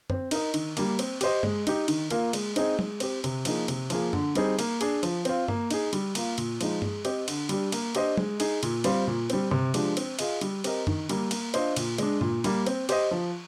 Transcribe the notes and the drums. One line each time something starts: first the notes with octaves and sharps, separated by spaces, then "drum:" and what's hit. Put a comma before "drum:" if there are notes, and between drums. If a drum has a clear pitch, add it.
C4, drum: tom F#2
D#4 A#4 D#5, drum: cymbal
D#3, drum: cymbal
G3 A#3, drum: cymbal
C4, drum: cymbal
G4 C5 D#5, drum: cymbal
G#3, drum: tom G2
D#4 G4, drum: cymbal
D#3, drum: cymbal
A#3 F4 A#4, drum: cymbal
G#3, drum: cymbal
C4 D#4 G#4 D#5, drum: cymbal
G#3, drum: tom
C4 G4, drum: cymbal
C3, drum: cymbal
F3 A#3 D#4 G#4, drum: cymbal
C3, drum: cymbal
F3 A#3 F4 G#4, drum: cymbal
D3, drum: tom F#2
G3 C4 D#4 G#4, drum: cymbal
A#3, drum: cymbal
D4 G#4, drum: cymbal
F3, drum: cymbal
C4 F4, drum: cymbal
A#3, drum: tom G2
D#4 G#4, drum: cymbal
G3, drum: cymbal
A#3 F4, drum: cymbal
A#2, drum: cymbal
F3 G#3 D#4, drum: cymbal
G#3, drum: tom G2
C4 G4 C5 D#5, drum: cymbal
D3, drum: cymbal
G3 D4 G4, drum: cymbal
A#3, drum: cymbal
D4 G4 C5 D#5, drum: cymbal
G#3, drum: tom
D#4 G#4, drum: cymbal
A#2, drum: cymbal
G3 C4 F4 C5, drum: cymbal
A#2
G3 C4, drum: cymbal
C3, drum: tom G2
F3 G#3 D4 G4, drum: cymbal
C4, drum: cymbal
F4 G#4 D#5, drum: cymbal
G3, drum: cymbal
C4 G4 A#4 D#5, drum: cymbal
D#3, drum: tom F#2
G3 A#3, drum: cymbal
A#3, drum: cymbal
D4 F4 C5 D#5, drum: cymbal
A#2, drum: cymbal
G#3 D4, drum: cymbal
A#2, drum: tom G2
G3 A#3, drum: cymbal
C4, drum: cymbal
G4 C5 D#5, drum: cymbal
F3